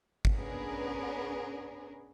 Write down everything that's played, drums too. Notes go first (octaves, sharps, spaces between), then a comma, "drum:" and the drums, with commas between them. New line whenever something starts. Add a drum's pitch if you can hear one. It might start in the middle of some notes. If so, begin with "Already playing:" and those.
drum: kick
B3 C#4 D4 G#4 A#4 B4